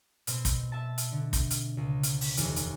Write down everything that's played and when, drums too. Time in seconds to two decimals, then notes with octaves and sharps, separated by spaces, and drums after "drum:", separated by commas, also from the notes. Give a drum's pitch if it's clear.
0.27 B2 C4, drum: hi-hat
0.45 drum: kick, hi-hat
0.72 E5 A5
0.98 drum: hi-hat
1.12 D3
1.33 drum: kick, hi-hat
1.50 drum: hi-hat
1.77 C#2
2.03 drum: hi-hat
2.21 drum: open hi-hat
2.37 F1 D#2 E3, drum: hi-hat
2.56 drum: hi-hat